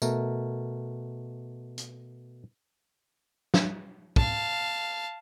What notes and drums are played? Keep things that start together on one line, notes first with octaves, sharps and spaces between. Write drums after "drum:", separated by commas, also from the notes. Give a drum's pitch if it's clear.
B2 A3 A#4, drum: tambourine
drum: hi-hat
drum: snare
F5 A5, drum: kick